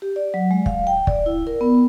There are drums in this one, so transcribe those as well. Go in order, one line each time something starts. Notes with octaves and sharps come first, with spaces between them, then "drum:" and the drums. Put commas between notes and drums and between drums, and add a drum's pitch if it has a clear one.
G4
D5
F#3
G#3
F5, drum: kick
G5
D5, drum: kick
E4
A#4
B3